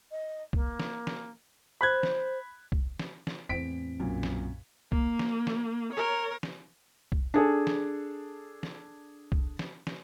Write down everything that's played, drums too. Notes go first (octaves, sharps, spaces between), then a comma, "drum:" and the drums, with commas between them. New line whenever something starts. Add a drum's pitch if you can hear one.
D#5
A#3, drum: kick B1
drum: snare
drum: snare
C5 B5 F#6 G#6
drum: snare
drum: kick B1
drum: snare
drum: snare
E2 A2 C4 B6 D7
B1 F#2 A#2
drum: snare
A#3, drum: kick B1
drum: snare
drum: snare
A#4 C#5
drum: snare
drum: kick B1
D4 G#4 A4
drum: snare
drum: snare
drum: kick B1
drum: snare
drum: snare